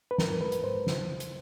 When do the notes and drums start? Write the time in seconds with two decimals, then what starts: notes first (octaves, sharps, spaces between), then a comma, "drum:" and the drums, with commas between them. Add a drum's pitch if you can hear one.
0.11 B4
0.18 G#2 A#4, drum: snare
0.41 G#3 B4
0.52 drum: hi-hat
0.63 G#2 C5
0.87 C#3, drum: snare
1.09 C#3
1.20 drum: hi-hat